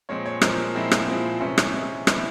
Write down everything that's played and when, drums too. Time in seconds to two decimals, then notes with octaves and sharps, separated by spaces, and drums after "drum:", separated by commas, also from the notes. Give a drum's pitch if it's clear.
0.09 A#2 F3 G#3 C4 C#5
0.26 C#5
0.41 A#2 F3 G#3 C4 A#4, drum: rim click
0.75 A#2 F3 G#3 C4 E4
0.91 drum: rim click
1.08 A#2 F3 G#3 C4
1.41 C3 E3 G#3 C#4
1.58 drum: rim click
1.74 C3 E3 G#3
2.07 C3 E3 G#3 E4, drum: rim click